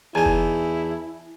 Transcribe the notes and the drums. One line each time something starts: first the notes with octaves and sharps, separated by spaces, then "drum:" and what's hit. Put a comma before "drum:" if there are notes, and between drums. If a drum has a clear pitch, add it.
E2 D#4 E4 G#5 A5
drum: kick F1